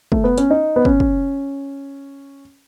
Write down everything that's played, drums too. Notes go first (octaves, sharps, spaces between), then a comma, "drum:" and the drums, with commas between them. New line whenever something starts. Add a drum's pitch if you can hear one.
A3, drum: kick
B3
C#4, drum: hi-hat
D#4
B3
C#4, drum: kick
drum: kick